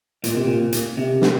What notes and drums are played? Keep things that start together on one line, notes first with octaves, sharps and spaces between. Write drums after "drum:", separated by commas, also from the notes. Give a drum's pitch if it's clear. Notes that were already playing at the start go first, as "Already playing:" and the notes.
A#2, drum: hi-hat
C3
A#2
drum: hi-hat
C3
drum: snare